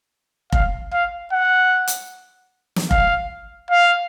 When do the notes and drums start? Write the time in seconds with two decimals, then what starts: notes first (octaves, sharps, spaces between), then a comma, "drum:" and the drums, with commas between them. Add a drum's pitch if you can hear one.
0.52 F5, drum: kick F1
0.92 F5
1.32 F#5
1.87 drum: hi-hat
2.76 drum: snare
2.91 F5, drum: kick F1
3.70 F5